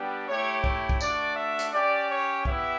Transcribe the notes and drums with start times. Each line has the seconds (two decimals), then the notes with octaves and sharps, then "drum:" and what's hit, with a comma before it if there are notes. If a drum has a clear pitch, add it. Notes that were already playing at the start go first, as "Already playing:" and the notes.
Already playing: G3 B3 D4 G4
0.28 A3 E4 G4 C#5
0.64 C#5, drum: kick
0.89 drum: kick
1.01 A3 D4 F#4 D5, drum: tambourine
1.36 E5
1.59 drum: hi-hat
1.73 C#4 G4 D5
2.09 C#5
2.45 B3 E4 G4 E5, drum: kick